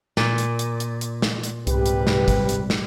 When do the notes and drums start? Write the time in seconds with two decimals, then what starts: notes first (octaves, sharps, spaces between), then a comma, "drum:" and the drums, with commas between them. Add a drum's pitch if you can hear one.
0.17 A#2, drum: snare
0.38 drum: hi-hat
0.59 drum: hi-hat
0.80 drum: hi-hat
1.01 drum: hi-hat
1.22 drum: snare
1.43 drum: hi-hat
1.67 C2 G#2 C3 G3 G4 B4, drum: hi-hat
1.86 drum: hi-hat
2.07 drum: snare
2.28 drum: kick, hi-hat
2.49 drum: hi-hat
2.70 drum: snare